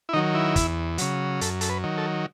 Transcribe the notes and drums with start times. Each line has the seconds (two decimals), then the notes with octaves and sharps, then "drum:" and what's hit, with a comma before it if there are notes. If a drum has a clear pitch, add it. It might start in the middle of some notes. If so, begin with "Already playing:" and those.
0.09 E4
0.13 D#3 F#3 D#4
0.35 E4
0.56 E2, drum: kick, hi-hat
0.98 C#3 F#3, drum: hi-hat
1.41 F#2 A4, drum: hi-hat
1.61 A4, drum: hi-hat
1.69 B4
1.84 D#3 F#3
1.98 A4